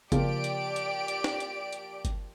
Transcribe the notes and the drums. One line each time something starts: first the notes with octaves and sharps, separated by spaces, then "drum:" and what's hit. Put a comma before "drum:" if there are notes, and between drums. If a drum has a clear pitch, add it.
C#3 F3 A#3 G4 D5 D7, drum: kick G1, hi-hat
drum: hi-hat
drum: hi-hat
drum: hi-hat
drum: snare
drum: hi-hat
drum: hi-hat
drum: kick G1, hi-hat